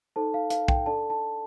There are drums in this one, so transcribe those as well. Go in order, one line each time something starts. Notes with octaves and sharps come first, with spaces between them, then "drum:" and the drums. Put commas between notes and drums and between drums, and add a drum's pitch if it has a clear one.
D#4 A4 C5 A5
F5
F5, drum: hi-hat
G5, drum: kick
D4 A4 D5 A5
A5